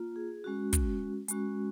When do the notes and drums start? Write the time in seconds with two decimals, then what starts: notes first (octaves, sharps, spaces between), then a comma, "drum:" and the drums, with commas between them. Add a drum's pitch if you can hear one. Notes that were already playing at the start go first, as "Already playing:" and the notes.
Already playing: A#3 F4
0.16 G#4
0.44 G#3 C#4 F#4
0.73 drum: kick, hi-hat
1.28 G#3 C#4 F#4, drum: hi-hat